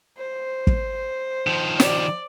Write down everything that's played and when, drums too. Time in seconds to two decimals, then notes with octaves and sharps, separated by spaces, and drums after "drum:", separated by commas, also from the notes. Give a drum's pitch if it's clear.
0.18 C5
0.67 drum: kick
1.47 D#3 F3
1.80 D5, drum: snare